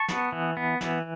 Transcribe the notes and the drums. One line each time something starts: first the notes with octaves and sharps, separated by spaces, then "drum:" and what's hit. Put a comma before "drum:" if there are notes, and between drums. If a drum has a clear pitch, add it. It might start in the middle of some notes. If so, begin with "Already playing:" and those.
Already playing: A5 C#6
B3, drum: snare
E3
B3
E3, drum: snare